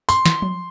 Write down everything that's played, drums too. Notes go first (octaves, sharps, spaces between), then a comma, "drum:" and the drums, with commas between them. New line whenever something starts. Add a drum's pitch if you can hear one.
C6, drum: tambourine
drum: snare
drum: tom F3